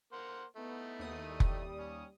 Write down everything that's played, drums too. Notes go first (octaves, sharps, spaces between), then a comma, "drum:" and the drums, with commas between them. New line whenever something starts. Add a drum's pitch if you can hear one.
A#3 C5 F#5
A3 B3 D#4 E4
D#2 D#6
G3
drum: kick F1
C#4